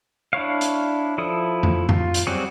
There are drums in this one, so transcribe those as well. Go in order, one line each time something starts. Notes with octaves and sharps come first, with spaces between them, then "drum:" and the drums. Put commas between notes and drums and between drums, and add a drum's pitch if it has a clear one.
D4 E4 C#5 F5
drum: hi-hat
F3 E4 A4 D#6
drum: tom F2
F4, drum: tom F2
drum: hi-hat
F#3 G3 C4 F#4 G#4